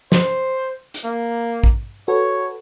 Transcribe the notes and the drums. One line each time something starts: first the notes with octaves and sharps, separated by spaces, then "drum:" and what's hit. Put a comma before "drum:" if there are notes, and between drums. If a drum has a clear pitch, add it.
C5, drum: snare
drum: hi-hat
A#3
drum: kick
F#4 A4 B4 C#5